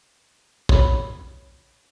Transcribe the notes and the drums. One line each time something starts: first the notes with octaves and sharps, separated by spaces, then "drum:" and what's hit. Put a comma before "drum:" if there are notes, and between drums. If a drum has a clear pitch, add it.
C#5 B5, drum: kick